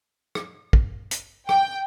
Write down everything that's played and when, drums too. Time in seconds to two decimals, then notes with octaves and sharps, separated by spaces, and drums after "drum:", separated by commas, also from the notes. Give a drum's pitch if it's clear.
0.35 drum: rim click
0.73 drum: kick
1.11 drum: hi-hat
1.49 G5, drum: rim click